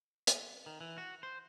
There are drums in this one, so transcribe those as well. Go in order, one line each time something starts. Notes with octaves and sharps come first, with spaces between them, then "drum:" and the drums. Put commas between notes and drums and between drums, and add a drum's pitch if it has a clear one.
drum: hi-hat
D#3
E3
F#4
C5